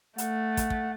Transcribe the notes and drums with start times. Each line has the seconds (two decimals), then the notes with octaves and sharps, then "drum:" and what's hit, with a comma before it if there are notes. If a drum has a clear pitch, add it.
0.18 A3 F#5, drum: hi-hat
0.57 drum: kick, hi-hat
0.70 drum: kick